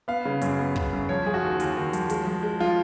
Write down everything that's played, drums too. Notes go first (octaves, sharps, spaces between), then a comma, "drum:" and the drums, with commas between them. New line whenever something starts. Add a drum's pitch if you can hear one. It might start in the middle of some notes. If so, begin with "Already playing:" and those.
B3 F5
C#3
F#2, drum: hi-hat
B3
C#3, drum: kick
F#2
F3 C#5
F3 G#4
F#4
D#2
D#2, drum: hi-hat
D#2
F3, drum: hi-hat
G#3, drum: hi-hat
F3
G#3
F3 F4